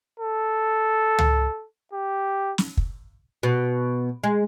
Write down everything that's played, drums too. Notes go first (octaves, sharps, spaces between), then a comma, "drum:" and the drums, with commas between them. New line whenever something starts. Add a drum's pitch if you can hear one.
A4
drum: tom
G4
drum: snare
drum: kick
B2
G#3